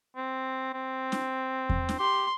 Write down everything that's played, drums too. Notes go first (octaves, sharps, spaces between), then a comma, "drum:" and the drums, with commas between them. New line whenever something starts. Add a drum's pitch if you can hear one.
C4
C4
drum: snare
drum: kick E2
drum: snare
G4 C6